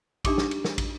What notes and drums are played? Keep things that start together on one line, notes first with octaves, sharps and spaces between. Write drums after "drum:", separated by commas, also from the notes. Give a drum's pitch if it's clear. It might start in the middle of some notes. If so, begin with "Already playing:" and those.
D4 D#4 G4 D6 D#6, drum: kick, cymbal
drum: snare
drum: cymbal
drum: snare
drum: kick, cymbal